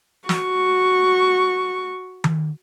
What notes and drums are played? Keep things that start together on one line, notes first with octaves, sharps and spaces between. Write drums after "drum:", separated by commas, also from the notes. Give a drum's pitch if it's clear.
F#4 C#6, drum: snare
drum: tom D#3